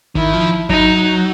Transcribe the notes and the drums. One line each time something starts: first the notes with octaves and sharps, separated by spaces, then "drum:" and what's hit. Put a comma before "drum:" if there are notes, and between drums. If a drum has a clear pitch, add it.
D#3 E4, drum: kick G#1
F3
F#3 D#4, drum: kick G#1